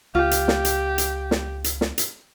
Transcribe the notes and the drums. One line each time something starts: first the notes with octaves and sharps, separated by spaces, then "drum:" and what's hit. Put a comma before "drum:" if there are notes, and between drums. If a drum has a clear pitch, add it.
C#2 F4 G4
drum: hi-hat
drum: snare
drum: hi-hat
drum: hi-hat
drum: snare
drum: hi-hat
drum: snare
drum: hi-hat